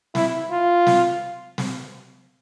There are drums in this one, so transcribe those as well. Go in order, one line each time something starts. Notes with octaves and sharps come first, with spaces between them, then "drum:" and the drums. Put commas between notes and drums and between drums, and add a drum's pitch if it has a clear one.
E4, drum: snare
F4
drum: snare
drum: snare